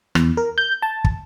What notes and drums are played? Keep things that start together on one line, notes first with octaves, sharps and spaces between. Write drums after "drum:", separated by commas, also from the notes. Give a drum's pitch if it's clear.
E2, drum: rim click
A#4
G6
A5
drum: kick